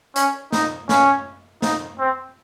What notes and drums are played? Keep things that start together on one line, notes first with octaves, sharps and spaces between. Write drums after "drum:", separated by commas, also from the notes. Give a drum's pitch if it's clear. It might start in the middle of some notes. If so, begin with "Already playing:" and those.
C#4, drum: hi-hat
D#4, drum: snare
C#4, drum: snare
D#4, drum: snare
C4